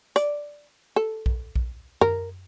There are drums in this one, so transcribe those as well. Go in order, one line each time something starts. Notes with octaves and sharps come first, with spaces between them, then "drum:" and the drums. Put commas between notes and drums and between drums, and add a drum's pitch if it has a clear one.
D5, drum: hi-hat
A4
drum: kick A#1
drum: kick A#1
A#4, drum: tom F#2